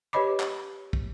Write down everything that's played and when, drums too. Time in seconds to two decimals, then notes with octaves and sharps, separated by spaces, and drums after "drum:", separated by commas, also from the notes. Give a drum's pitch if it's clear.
0.13 G4 B4 C#5 D#5 B5 D6
0.40 drum: clap
0.93 drum: kick